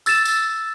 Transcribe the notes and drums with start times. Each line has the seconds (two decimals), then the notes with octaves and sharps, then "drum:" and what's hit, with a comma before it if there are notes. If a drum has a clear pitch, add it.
0.06 E6 A6 E7, drum: tambourine
0.25 drum: tambourine